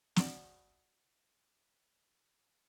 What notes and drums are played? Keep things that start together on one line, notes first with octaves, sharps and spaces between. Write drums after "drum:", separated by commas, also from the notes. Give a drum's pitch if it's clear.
F#4 D5, drum: snare